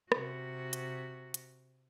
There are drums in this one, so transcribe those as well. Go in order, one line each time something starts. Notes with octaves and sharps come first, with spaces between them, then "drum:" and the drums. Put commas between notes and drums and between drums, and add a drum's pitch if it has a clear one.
C3 F#4, drum: rim click
drum: hi-hat
drum: hi-hat